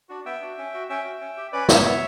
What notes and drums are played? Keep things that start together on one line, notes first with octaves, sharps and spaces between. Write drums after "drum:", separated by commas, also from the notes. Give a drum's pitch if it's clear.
D4 F#4
B3 E5 G5
D4 F#4
C#4
F#4
C#4 E5 G5
F#4
C#4
G4
C#4 B4 D5
G4 C#5 E5, drum: snare
B3 C#5 E5